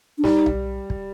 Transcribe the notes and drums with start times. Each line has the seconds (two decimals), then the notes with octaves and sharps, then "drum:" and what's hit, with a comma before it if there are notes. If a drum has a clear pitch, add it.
0.18 D4
0.24 G3 D#4, drum: snare
0.46 drum: tom B1
0.90 drum: kick